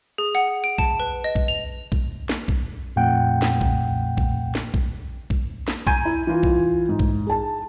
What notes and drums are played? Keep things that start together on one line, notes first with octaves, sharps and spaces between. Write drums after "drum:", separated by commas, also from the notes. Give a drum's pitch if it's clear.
G#4
F#5
D7
A5, drum: kick A#1
B4
D#5
drum: kick A#1
F7
drum: kick A#1
drum: snare
drum: kick A#1
F2 A#2 A3 F#5 G5
drum: snare
drum: kick A#1
drum: kick A#1
drum: snare
drum: kick A#1
drum: kick A#1
drum: snare
G#5 A#5 G6 G#6 D#7, drum: kick A#1
E4
E3 F4
drum: kick A#1
G#2
drum: kick A#1
G#4 A5